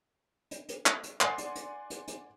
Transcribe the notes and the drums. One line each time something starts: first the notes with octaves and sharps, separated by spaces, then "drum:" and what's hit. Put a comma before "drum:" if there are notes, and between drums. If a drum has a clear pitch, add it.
drum: hi-hat
drum: hi-hat
drum: clap
drum: hi-hat
D5 F#5 G#5 C6 C7, drum: clap
drum: hi-hat
drum: hi-hat
drum: hi-hat
drum: hi-hat